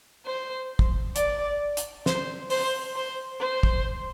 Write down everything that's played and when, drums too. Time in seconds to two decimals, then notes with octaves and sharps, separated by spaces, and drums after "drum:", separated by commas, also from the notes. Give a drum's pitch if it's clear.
0.26 C5
0.79 drum: kick
1.16 D5, drum: hi-hat
1.77 drum: hi-hat
2.06 C5, drum: snare
2.50 C5, drum: open hi-hat
2.96 C5
3.41 C5
3.63 drum: kick